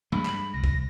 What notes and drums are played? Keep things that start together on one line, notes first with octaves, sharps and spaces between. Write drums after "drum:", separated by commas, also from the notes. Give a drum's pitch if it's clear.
G2 G#3 B5, drum: tom
drum: clap
C2 A#6
drum: kick